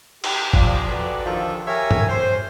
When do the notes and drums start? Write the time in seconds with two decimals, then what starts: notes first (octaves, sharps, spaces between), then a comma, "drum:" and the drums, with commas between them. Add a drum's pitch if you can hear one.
0.24 G4, drum: cymbal
0.53 F3 D5, drum: kick G1
0.89 F#4 G4 A4 B4 D5 A#5
1.25 D3 D#3 F3 F4 A4
1.67 G4 A#4 C#5 E5 G#5
1.91 drum: tom G2
2.08 C5